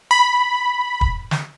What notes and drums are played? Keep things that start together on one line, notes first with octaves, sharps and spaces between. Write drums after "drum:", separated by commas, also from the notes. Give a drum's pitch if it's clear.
B5
drum: kick
drum: snare